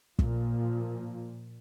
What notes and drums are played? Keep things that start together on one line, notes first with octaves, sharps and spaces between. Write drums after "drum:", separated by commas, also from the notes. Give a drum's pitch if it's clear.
A#2 F3, drum: kick